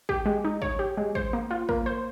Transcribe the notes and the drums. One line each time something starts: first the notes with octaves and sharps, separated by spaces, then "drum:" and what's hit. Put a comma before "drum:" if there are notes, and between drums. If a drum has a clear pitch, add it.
G4, drum: kick
G#3
D#4
C#5, drum: kick
G4
G#3
C5, drum: kick
A#3
F4
A#3, drum: kick
C5